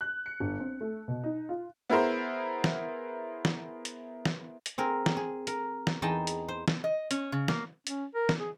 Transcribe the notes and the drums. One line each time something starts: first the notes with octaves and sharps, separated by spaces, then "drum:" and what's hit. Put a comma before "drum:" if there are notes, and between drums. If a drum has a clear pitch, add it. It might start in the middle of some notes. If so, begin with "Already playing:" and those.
F#6
C#7
G1
C4
A3
B2
D#4
F4
B3 E4 G#4 A#4 C5
drum: snare
drum: snare
drum: hi-hat
drum: snare
drum: hi-hat
C4 G#4 A#4
drum: snare
G#4
A#4, drum: hi-hat
drum: snare
E2 D#4 G#4 D#5 G5 A5
drum: hi-hat
C5
drum: snare
D#5
C#4, drum: hi-hat
C#3
A#3, drum: snare
C#4, drum: hi-hat
A#4
drum: snare
G#4